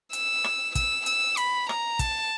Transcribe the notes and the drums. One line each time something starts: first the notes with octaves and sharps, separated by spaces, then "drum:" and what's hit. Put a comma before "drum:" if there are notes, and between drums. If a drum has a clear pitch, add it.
E6, drum: hi-hat
drum: rim click
E6, drum: kick, hi-hat
E6, drum: hi-hat
B5, drum: hi-hat
A#5, drum: rim click
A5, drum: kick, hi-hat